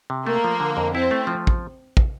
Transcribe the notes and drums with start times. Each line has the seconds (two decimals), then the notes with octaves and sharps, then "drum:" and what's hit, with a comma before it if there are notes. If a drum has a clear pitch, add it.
0.10 C3
0.27 A3 A#3
0.44 F3
0.60 D3
0.77 F2
0.95 C4 E4
1.11 A3
1.27 F3
1.47 drum: kick
1.97 drum: kick